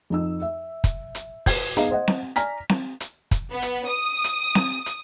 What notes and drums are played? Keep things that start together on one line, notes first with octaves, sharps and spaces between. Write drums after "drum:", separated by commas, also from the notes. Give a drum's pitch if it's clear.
F2 D#4 E6
E5
drum: kick, hi-hat
drum: hi-hat
B4 G#6, drum: kick, open hi-hat
B3 D#4 G#4 D#5 F5 A#5, drum: hi-hat
C5 D#5 F#5
drum: snare C4
D5 G#5 A#5 F6 B6, drum: hi-hat
drum: snare C4
drum: hi-hat
drum: kick, hi-hat
B3
drum: hi-hat
D#6
drum: hi-hat
drum: snare C4
drum: hi-hat